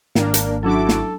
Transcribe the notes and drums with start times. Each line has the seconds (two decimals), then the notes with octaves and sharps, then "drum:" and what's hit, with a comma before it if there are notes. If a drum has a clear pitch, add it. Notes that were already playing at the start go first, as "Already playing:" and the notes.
0.15 G#1 A#3 D4 A#4, drum: snare
0.34 drum: hi-hat
0.63 F#3 C#4 D4 E4 F#4 A4 D6
0.89 drum: snare